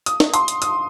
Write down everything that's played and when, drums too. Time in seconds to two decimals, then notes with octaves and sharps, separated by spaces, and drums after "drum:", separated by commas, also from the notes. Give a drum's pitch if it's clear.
0.06 D#6, drum: hi-hat
0.20 drum: snare
0.34 C6, drum: hi-hat
0.48 drum: hi-hat
0.62 D#6, drum: hi-hat